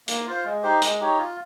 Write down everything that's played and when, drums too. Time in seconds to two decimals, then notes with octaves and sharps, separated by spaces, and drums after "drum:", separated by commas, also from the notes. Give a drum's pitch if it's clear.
0.08 A#3, drum: hi-hat
0.27 F4 C5
0.45 G#3
0.63 D#4 G4 C5
0.82 G#3, drum: hi-hat
1.00 D#4 G4 C#5
1.18 F4